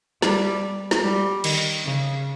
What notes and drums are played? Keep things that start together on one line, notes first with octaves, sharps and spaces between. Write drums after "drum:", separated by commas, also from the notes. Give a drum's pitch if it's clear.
G3, drum: snare
drum: snare
G3
D#3, drum: cymbal
C#3